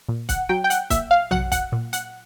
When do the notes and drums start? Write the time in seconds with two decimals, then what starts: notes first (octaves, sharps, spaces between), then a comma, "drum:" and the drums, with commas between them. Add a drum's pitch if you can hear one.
0.09 A#2
0.29 F#5, drum: kick, hi-hat
0.49 F#3 G5
0.64 G5
0.70 F#5, drum: hi-hat
0.90 A#2 E5, drum: kick, hi-hat
1.11 F5
1.31 F#3 F#5, drum: tom
1.52 F#5, drum: kick, hi-hat
1.72 A#2
1.93 F#5, drum: hi-hat